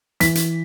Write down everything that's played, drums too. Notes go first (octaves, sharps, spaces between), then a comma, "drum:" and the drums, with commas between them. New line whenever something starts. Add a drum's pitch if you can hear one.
E3 B6, drum: hi-hat
drum: hi-hat